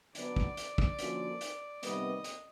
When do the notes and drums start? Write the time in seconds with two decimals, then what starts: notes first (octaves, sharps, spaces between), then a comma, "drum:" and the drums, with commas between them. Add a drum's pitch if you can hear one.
0.15 D3 F#3 B3 D4 D5, drum: hi-hat
0.36 drum: kick
0.57 drum: hi-hat
0.78 drum: kick
0.99 D3 F3 A#3 C#4 F#4, drum: hi-hat
1.41 drum: hi-hat
1.83 C3 D#3 G3 B3 D#5, drum: hi-hat
2.24 drum: hi-hat